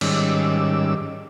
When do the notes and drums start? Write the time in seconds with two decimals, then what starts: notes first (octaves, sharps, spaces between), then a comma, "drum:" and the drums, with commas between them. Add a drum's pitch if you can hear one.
0.01 G#2 D#3 G3 C#4 D6 E6, drum: cymbal